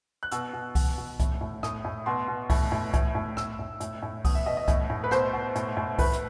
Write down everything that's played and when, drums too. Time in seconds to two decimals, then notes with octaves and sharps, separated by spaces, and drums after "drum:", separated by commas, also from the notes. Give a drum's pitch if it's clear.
0.23 F#6
0.32 B2 E6, drum: hi-hat
0.53 B2
0.75 B2, drum: kick C2, open hi-hat
0.98 B2
1.20 A2, drum: kick C2, hi-hat
1.41 A2
1.63 A2 D#6, drum: rim click
1.85 A2
2.06 B2 C6
2.28 B2
2.50 A2, drum: kick C2, open hi-hat
2.72 A2
2.94 A2, drum: kick C2, hi-hat
3.15 A2
3.37 A2 E6, drum: rim click
3.59 A2
3.80 A2, drum: hi-hat
4.03 A2
4.25 B2 D#6, drum: kick C2, open hi-hat
4.35 E5
4.46 B2 D#5
4.57 D#5
4.68 A2, drum: kick C2, hi-hat
4.90 A2
5.04 B4
5.11 B2 C5, drum: rim click
5.33 B2
5.56 A2, drum: hi-hat
5.77 A2
5.99 A2 B4, drum: kick C2, open hi-hat
6.13 drum: hi-hat